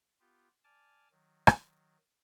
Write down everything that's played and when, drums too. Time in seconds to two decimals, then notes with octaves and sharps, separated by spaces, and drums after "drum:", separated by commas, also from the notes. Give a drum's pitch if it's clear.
0.20 B3 F4 G4
0.64 D5 G#5 A5 D6 F6
1.11 D#3 F#3
1.47 drum: rim click